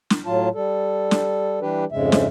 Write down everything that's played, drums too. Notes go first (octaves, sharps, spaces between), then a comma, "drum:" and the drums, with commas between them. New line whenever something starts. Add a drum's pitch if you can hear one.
drum: snare
A2 F#3 F4 A5
G3 A4
drum: snare
E3 G3 D4 G4 B4
F2 G#2 C#3 G#3 E5
drum: snare